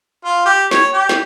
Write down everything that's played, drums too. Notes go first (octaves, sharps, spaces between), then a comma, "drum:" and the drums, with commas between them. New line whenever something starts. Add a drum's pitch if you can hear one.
F4
G4
C#5, drum: snare
G4
drum: snare